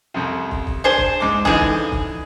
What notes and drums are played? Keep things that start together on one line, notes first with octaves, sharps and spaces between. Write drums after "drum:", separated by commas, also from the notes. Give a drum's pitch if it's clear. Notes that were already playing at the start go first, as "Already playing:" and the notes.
C2 F2 C3
drum: kick
drum: kick
D4 G#4 C5
drum: kick
G#2 D6
D3 E3 F3 D#4 G#4, drum: kick
drum: kick
drum: kick